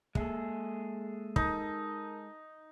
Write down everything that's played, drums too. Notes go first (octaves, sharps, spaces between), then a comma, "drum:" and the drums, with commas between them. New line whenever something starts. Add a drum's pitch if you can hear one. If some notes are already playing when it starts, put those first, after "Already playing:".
G#3 A#3 G#4 A4 E5, drum: kick
D#4 A#4 A5, drum: kick